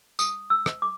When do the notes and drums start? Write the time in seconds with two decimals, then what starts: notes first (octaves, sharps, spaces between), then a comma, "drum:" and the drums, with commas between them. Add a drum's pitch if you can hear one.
0.19 D#6, drum: tambourine
0.50 E6
0.66 drum: rim click
0.82 D6